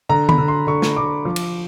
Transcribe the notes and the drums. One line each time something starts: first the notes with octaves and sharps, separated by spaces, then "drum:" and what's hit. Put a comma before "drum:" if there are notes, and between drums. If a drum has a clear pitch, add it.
D3 A#5
B5, drum: tom
D3
C6
D3 C#6
drum: snare
D3 D6
F3
drum: cymbal